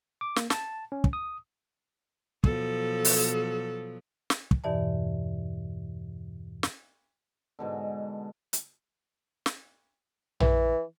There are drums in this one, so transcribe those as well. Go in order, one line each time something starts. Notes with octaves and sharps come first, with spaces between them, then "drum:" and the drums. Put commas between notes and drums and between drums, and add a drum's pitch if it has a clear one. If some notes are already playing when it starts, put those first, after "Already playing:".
D6
A#3, drum: snare
A5, drum: snare
C#4
drum: kick
D#6
B2 F3 F#3 A4, drum: kick
drum: open hi-hat
drum: snare
drum: kick
E2 G2 B2 E3 D5 A5
drum: snare
G#2 B2 D3
drum: hi-hat
drum: snare
E3, drum: tom A#1